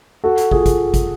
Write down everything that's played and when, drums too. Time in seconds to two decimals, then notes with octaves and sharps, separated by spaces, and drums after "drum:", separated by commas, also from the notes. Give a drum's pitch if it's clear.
0.24 F#4 A4
0.38 drum: hi-hat
0.51 F4 G#4, drum: kick
0.66 drum: kick, hi-hat
0.94 drum: kick, hi-hat